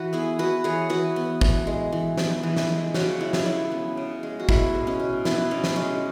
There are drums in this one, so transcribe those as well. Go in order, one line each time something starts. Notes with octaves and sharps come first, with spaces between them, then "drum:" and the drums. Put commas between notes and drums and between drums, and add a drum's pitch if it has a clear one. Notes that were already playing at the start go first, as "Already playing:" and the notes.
Already playing: E3 F#4 B4
B3 E4 G#4
B3 F#4 B4
E3 G#4 C#5
E3 F#4 B4
B3
E3, drum: kick
G#3
E3
B3, drum: snare
E3
drum: snare
G#3
C#3 C#4 F#4, drum: snare
G#3 E4
drum: snare
C#3 E4
B3
C#3
G#3
F#4
B2 E4, drum: kick
G#3
C#4
B2
B3 E4, drum: snare
B2 C#4
drum: snare
G#3 C#4